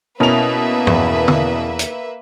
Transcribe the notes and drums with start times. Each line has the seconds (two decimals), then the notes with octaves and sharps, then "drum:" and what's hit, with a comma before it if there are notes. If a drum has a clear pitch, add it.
0.20 B2 A#3 C#4 E4 A#4 B4 E5 F7
0.87 E2, drum: tom G2
1.28 drum: tom
1.79 drum: hi-hat